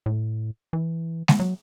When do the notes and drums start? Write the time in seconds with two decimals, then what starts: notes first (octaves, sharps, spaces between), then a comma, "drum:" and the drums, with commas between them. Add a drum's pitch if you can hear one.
0.06 A2
0.73 E3
1.28 drum: snare G#3
1.40 F#3